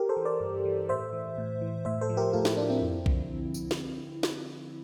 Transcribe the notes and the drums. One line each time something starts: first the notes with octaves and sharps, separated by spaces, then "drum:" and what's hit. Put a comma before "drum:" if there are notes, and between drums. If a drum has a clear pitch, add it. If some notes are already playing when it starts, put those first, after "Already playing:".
Already playing: G4 A#4
A4 C5
E3
A#4 D5
G2
E3
A2 C5 E5
E3
A2
E3
A2 C5 E5
A4 C5
F3
G4 A#4
A2 F4 A4
E4 G4, drum: snare
F3 D4 F4
C4 E4
F2
D3 F3, drum: kick B1
drum: tambourine
drum: snare
drum: snare